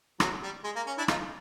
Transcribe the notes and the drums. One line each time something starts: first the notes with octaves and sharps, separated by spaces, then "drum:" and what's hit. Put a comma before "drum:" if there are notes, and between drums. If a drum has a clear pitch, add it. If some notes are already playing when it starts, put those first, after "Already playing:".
F#3, drum: rim click
G3
G#3
A#3
C#4
D4 E4
D#4 F4, drum: rim click